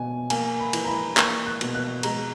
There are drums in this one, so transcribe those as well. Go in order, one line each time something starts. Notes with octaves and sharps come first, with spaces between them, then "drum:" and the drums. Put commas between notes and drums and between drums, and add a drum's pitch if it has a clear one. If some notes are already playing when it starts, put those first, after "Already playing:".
Already playing: B2 G#5
A#3 G#5, drum: cymbal
B5
E3, drum: cymbal
A#5
B5
A#3 C#6, drum: clap
F#6
B2, drum: cymbal
F#6
G#3 A#5, drum: cymbal